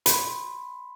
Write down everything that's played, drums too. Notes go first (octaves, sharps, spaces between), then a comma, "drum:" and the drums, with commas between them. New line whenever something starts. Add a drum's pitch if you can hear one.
B5 C6, drum: hi-hat